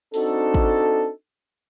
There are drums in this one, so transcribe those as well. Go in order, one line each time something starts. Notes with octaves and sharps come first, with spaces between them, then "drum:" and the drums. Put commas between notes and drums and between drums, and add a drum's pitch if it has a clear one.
C4 D4 D#4 F#4 A4, drum: open hi-hat
drum: kick